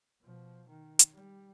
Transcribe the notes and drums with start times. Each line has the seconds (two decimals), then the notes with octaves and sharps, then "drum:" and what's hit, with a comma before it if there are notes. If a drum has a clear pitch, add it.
0.22 B2 F3
0.68 D#3
0.99 drum: hi-hat
1.13 G3